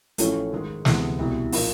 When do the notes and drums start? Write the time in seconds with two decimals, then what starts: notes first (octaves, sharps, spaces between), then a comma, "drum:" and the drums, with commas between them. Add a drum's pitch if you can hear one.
0.18 A1 A2 F3 A3 C#4, drum: hi-hat
0.52 G#2 D#3 G#3
0.85 D2 C3 E3 G#3 B3, drum: snare
1.19 C2 B2 G3
1.52 A#2 F3 A#3 D#4, drum: open hi-hat